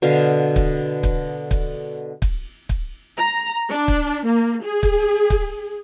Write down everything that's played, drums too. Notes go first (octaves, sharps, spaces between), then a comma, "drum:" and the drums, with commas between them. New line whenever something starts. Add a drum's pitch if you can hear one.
B2 D3 F5
drum: kick
drum: kick
drum: kick
drum: kick
drum: kick
A#5
D4
drum: kick
A#3
G#4
drum: kick
drum: kick